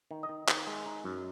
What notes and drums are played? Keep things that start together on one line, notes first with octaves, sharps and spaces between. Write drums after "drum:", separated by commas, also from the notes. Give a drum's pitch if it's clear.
D#3
D#5
D#3
D#3, drum: clap
G#3
D#4
F#2